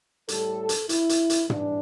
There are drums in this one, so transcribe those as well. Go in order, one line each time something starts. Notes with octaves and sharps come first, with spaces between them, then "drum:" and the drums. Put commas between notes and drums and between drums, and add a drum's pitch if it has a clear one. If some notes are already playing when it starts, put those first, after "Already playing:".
A2 G3 A4, drum: hi-hat
drum: hi-hat
E4, drum: hi-hat
drum: hi-hat
drum: hi-hat
E3 G3 D4, drum: tom